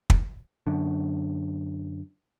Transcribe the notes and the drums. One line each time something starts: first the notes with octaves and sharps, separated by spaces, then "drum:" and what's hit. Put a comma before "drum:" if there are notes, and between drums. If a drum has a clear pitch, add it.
drum: kick
F#2 D3